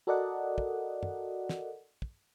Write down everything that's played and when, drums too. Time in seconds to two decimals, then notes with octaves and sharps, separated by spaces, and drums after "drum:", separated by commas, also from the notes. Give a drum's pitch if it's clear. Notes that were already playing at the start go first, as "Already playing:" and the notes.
0.07 F#4 A4 A#4 D5 D#5 F#5
0.58 drum: kick
1.03 drum: tom F#2
1.49 drum: snare
2.02 drum: kick